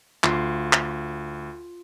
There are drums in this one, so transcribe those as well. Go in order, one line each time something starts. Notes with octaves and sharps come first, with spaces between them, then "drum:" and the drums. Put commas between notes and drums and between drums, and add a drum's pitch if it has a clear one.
D2 F4, drum: clap
drum: clap